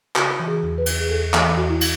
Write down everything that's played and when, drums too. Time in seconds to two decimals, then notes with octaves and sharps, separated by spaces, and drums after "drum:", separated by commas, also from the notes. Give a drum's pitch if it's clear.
0.16 C#3 F#4, drum: clap
0.36 E3 F#4
0.48 G#4
0.63 E2
0.78 B4
0.86 E2, drum: cymbal
1.01 G#4
1.10 E2 A4
1.34 E3, drum: clap
1.57 E2 F#4
1.69 E4
1.81 drum: cymbal